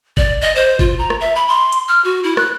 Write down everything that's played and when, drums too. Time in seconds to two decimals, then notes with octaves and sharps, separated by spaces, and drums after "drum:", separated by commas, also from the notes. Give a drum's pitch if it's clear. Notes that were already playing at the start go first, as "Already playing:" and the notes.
0.17 D5, drum: kick G1
0.41 D#5
0.55 C5
0.79 F4, drum: kick G1
0.99 A#5
1.10 drum: rim click
1.21 E5
1.35 B5
1.48 C6
1.72 drum: hi-hat
1.88 F6
2.04 F#4
2.24 E4
2.37 F#6, drum: rim click